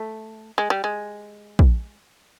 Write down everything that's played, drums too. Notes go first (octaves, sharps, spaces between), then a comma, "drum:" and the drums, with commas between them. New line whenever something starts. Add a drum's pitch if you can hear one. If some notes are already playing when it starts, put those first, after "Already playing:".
Already playing: A3
G#3
G3
G#3
drum: kick A#1